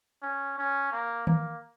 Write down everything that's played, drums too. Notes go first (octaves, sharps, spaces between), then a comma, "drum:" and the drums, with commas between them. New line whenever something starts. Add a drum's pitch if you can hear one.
C#4
C#4
A#3
A#3, drum: tom D#3